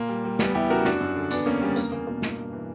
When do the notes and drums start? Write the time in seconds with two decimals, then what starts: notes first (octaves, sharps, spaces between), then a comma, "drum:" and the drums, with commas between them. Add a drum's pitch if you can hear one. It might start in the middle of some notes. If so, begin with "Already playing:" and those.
Already playing: A#2 A#3
0.09 G3
0.25 G3
0.39 E2 G3 B3, drum: snare
0.55 E2 E4 G4
0.70 C#3 F#4 A#4
0.85 F#2 D4 F#4, drum: snare
1.01 F#2
1.16 D3
1.31 E2 B3 D4, drum: tambourine
1.46 E2 A#3 C#4
1.62 C#3 G3 B3
1.76 E2 A#3, drum: tambourine
1.92 E2 A#3
2.07 B2 A#3
2.22 G2, drum: snare
2.38 G2
2.53 E3